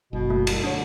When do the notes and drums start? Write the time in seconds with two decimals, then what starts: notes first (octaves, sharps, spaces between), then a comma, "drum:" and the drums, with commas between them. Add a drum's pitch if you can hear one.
0.13 F#1 B2
0.30 A3
0.47 C2, drum: cymbal
0.64 D3 D4 C#5